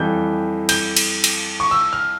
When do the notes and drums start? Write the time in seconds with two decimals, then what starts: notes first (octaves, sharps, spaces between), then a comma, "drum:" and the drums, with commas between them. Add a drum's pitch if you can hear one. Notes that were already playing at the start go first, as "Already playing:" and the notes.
Already playing: F2 E3 G3 G6
0.69 G6, drum: cymbal
0.97 drum: cymbal
1.24 drum: cymbal
1.60 C#6
1.71 E6
1.93 F6